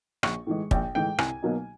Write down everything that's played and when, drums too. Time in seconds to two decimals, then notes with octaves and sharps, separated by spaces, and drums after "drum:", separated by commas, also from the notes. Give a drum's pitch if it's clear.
0.23 A#1 C#6, drum: rim click
0.47 A2 E3 G#3
0.71 A#1 G5, drum: kick
0.95 A2 E3 G#3 G5
1.18 C2 G#5, drum: rim click
1.42 B2 F#3 A#3 D#4